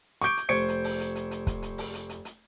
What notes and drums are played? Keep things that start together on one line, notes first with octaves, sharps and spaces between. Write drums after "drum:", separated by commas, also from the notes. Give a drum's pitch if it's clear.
C#6 D6 G6 D7, drum: hi-hat
drum: hi-hat
F1 C5 C#6 G#6 C#7 D7
drum: hi-hat
drum: open hi-hat
drum: hi-hat
drum: hi-hat
drum: hi-hat
drum: kick, hi-hat
drum: hi-hat
drum: open hi-hat
drum: hi-hat
drum: hi-hat
drum: hi-hat